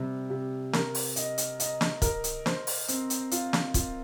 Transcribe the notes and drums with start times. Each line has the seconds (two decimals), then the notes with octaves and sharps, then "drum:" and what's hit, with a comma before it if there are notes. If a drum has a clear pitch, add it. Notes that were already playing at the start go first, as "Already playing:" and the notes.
Already playing: C3 G3
0.30 C3
0.73 A#4, drum: snare
0.95 drum: open hi-hat
1.16 D#5, drum: hi-hat
1.38 drum: hi-hat
1.60 D#5, drum: hi-hat
1.81 drum: snare
2.02 A#4, drum: kick, hi-hat
2.24 drum: hi-hat
2.46 C5, drum: snare
2.67 drum: open hi-hat
2.88 C4, drum: hi-hat
3.10 drum: hi-hat
3.31 F4, drum: hi-hat
3.53 drum: snare
3.74 F4, drum: kick, hi-hat